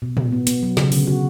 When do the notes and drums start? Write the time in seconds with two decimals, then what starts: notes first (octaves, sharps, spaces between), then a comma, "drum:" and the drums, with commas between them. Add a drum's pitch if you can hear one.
0.02 B2
0.17 B2, drum: tom
0.32 B3
0.47 B3, drum: hi-hat
0.63 F#3
0.77 C#3, drum: snare
0.92 D3, drum: open hi-hat
1.07 F#4